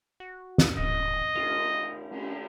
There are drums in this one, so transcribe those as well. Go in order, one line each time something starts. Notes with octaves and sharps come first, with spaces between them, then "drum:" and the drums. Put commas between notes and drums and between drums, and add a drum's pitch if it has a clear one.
F#4
drum: snare
D1 D#5
F4, drum: cymbal
drum: cymbal